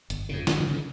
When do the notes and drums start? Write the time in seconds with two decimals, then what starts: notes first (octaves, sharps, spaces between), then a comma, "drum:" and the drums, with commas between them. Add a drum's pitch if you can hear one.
0.10 G1, drum: hi-hat
0.29 F2 C#3
0.47 G1 A3 C#4, drum: snare
0.60 D3 F3
0.67 C#3
0.73 D3 F3